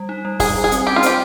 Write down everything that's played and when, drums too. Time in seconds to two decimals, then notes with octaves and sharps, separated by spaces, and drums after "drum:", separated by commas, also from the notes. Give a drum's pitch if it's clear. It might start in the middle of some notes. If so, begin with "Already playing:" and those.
Already playing: G3
0.09 D#4
0.25 G3
0.40 G3 G#4, drum: kick, open hi-hat
0.56 G3
0.64 G#4
0.71 C4, drum: hi-hat
0.87 C#4 G4
0.96 F4
1.03 G4 C5, drum: hi-hat